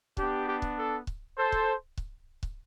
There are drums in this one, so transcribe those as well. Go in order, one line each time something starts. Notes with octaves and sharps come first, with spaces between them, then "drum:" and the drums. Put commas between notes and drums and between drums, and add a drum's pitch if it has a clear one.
B3 D4 G4, drum: kick C#1
G4
drum: kick C#1
A4
drum: kick C#1
A4 C5
drum: kick C#1
drum: kick C#1
drum: kick C#1